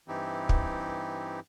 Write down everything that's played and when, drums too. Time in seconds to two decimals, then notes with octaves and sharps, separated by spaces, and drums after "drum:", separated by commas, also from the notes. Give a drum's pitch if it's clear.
0.08 G2 E3 C4 D#4 E4 G4
0.49 drum: kick